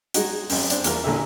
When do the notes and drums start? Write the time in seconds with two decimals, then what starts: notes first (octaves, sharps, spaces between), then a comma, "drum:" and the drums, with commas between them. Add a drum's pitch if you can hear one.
0.14 G#3 D#4 F#4, drum: hi-hat
0.50 G#1 F#2, drum: open hi-hat
0.70 C4 D4, drum: hi-hat
0.84 E2 F4 A#4, drum: hi-hat
1.04 A1 A#2 D3 E5